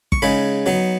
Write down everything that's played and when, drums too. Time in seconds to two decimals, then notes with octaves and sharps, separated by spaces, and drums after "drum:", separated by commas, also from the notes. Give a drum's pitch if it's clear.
0.12 C#6, drum: kick
0.22 C#3 G#3 D#4 B5
0.66 F#3 B3 D#4